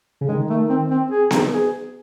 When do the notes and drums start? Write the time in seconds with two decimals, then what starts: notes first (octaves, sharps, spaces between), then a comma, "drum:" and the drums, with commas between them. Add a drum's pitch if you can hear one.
0.21 C#3
0.28 D#3 G#3
0.50 A3
0.70 C4
0.91 C4
1.11 G#4
1.31 drum: snare B3
1.52 G#4